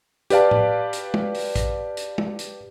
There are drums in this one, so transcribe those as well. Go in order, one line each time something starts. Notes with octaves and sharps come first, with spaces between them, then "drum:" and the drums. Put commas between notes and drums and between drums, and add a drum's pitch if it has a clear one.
G4 B4 D5 F5 A5, drum: hi-hat
drum: tom A2
drum: hi-hat
drum: tom
drum: open hi-hat
drum: kick, hi-hat
drum: hi-hat
drum: tom
drum: hi-hat